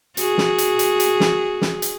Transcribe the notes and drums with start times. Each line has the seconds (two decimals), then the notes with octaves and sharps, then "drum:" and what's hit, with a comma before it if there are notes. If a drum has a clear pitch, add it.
0.17 F#4 G#4, drum: hi-hat
0.38 drum: snare
0.58 drum: hi-hat
0.79 drum: hi-hat
1.00 drum: hi-hat
1.20 drum: snare
1.62 drum: snare
1.82 drum: hi-hat